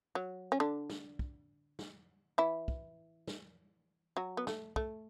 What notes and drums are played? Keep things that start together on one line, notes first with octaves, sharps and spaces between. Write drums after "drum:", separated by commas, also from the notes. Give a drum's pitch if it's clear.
F#3
C#4
D3 D4
drum: snare
drum: kick
drum: snare
E3 E4
drum: kick
drum: snare
F#3 F#4
B3
A3, drum: snare
A3, drum: kick